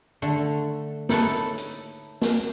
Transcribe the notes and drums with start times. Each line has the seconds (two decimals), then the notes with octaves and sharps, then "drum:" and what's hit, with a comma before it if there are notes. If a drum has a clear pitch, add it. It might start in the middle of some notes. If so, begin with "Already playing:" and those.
0.22 D3 A3
1.09 D#4 E4 A4 B4 C#5, drum: snare
1.58 drum: hi-hat
2.22 drum: snare